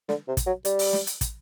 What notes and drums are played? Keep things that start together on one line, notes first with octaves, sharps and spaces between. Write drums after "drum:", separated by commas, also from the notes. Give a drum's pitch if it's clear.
D3, drum: snare
C3
drum: kick, hi-hat
F#3
G3, drum: hi-hat
drum: open hi-hat
drum: snare
drum: hi-hat
drum: kick, hi-hat